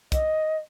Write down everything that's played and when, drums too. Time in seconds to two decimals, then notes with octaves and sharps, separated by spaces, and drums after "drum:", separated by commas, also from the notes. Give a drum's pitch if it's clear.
0.12 D#5, drum: kick, hi-hat